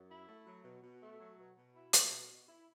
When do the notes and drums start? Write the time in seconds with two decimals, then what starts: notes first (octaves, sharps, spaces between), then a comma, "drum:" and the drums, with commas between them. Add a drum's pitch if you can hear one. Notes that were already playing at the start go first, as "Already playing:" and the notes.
Already playing: F#2
0.10 E4
0.27 A3
0.46 F#3
0.64 B2
0.83 B2
1.02 A3
1.20 F#3
1.39 B2
1.57 B2
1.75 E4
1.93 A3, drum: hi-hat
2.11 B2
2.30 B2
2.48 E4